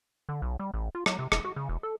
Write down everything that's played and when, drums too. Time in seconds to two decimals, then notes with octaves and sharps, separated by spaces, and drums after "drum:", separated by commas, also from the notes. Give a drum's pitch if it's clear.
0.29 D3
0.42 B1
0.59 G3
0.74 A1
0.95 F4
1.06 F#3, drum: rim click
1.19 C3
1.32 E1, drum: rim click
1.45 F#4
1.56 C#3
1.69 E1
1.83 A4